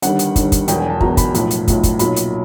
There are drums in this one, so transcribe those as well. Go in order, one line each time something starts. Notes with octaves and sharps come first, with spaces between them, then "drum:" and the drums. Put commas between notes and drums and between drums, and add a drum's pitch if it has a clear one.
G1 G2 D#3 G3 F#5, drum: hi-hat
drum: hi-hat
G1 G2 D#3 G3, drum: kick, hi-hat
drum: kick, hi-hat
E1 E2 B2 F#3 G5, drum: hi-hat
G#5
A5
E1 E2 B2 F#3 A#5, drum: kick
B5, drum: kick, hi-hat
B1 A2 F3 B5, drum: hi-hat
drum: hi-hat
B1 A2 F3, drum: kick, hi-hat
drum: kick, hi-hat
B1 A#2 F#3 B5, drum: hi-hat
drum: hi-hat